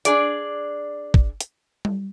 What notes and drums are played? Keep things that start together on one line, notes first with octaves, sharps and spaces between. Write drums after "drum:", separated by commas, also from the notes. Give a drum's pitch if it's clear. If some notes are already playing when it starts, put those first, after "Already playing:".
D4 G#4 D5, drum: hi-hat
drum: kick
drum: hi-hat
drum: tom G3